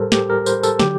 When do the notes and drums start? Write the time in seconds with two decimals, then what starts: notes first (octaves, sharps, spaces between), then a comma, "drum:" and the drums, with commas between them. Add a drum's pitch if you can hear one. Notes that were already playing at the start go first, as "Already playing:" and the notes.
Already playing: A2 G3 G4 A4 A#4 C5
0.12 G4, drum: snare
0.30 A#4
0.46 C5, drum: tambourine
0.63 A4, drum: tambourine
0.79 D3 F#3 G4, drum: snare